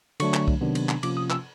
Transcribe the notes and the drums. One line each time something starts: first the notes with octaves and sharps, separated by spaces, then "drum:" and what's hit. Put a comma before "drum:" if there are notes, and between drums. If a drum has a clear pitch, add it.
D3 F#3 A3 D4 C#6, drum: cymbal
drum: clap
drum: kick C2
C3 D#3 F#3 B3 D4
drum: cymbal
drum: clap
C3 F3 A#3 C#4 F4 D6, drum: cymbal
D#6
E6, drum: clap